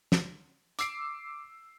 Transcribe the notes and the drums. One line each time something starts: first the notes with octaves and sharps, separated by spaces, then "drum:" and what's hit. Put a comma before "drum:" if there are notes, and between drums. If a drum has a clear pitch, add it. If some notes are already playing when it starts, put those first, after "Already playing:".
drum: snare
D6 E6 C7 D7, drum: hi-hat